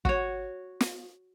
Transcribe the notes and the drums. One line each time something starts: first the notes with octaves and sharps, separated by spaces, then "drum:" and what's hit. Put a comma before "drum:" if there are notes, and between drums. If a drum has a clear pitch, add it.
F#4 C#5, drum: kick
drum: snare